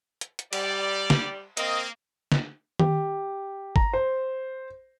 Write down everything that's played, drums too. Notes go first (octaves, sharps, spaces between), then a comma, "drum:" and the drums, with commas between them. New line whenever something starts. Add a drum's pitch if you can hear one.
drum: hi-hat
drum: hi-hat
G3 D5, drum: cymbal
drum: snare
A#3 C4 A#4 D#5, drum: hi-hat
drum: snare
G4, drum: tom D#3
A#5, drum: kick
C5